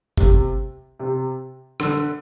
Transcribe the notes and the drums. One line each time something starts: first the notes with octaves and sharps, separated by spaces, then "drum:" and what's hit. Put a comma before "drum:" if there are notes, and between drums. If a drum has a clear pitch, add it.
C3, drum: kick
C3
D3, drum: rim click